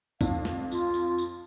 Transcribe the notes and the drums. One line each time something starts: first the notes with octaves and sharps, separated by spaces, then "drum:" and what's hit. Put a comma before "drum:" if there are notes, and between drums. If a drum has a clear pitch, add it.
F2 F5, drum: kick, tambourine
drum: snare
F4, drum: tambourine
drum: tambourine
drum: tambourine